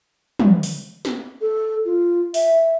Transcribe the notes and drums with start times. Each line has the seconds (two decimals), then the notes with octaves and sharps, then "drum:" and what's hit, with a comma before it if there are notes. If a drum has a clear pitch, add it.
0.39 drum: tom
0.63 drum: open hi-hat
1.05 drum: snare
1.41 A4
1.85 F4
2.34 E5, drum: open hi-hat